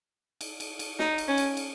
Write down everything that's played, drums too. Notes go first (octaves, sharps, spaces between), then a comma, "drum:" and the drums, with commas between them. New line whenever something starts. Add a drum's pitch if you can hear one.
drum: cymbal
drum: cymbal
drum: cymbal
D#4, drum: snare
drum: cymbal
C#4
drum: cymbal
drum: cymbal